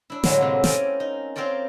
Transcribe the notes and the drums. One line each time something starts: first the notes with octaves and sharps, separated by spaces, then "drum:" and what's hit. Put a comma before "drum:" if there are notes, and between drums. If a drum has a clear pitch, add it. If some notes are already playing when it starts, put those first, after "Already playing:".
D4 E4
A2 D3 F#3 G#3 A#3, drum: snare
C3 F#3
C4 C#4 A#4 D5 G#5, drum: snare
D#4
C4 F4 A#4 C#5 D5